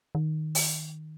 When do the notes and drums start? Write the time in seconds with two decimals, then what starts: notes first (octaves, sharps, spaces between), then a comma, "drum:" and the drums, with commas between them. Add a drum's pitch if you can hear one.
0.15 D#3
0.55 drum: open hi-hat